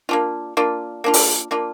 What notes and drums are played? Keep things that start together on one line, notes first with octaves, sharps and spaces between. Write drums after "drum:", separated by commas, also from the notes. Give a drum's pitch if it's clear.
A#3 D4 F4
A#3 D4 F4
A#3 D4 F4
drum: open hi-hat
A#3 D4 F4